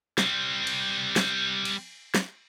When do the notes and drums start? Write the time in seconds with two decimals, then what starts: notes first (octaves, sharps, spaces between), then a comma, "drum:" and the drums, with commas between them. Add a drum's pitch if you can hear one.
0.18 G3 C4, drum: snare
0.67 drum: cymbal
1.16 drum: snare
1.65 drum: cymbal
2.15 drum: snare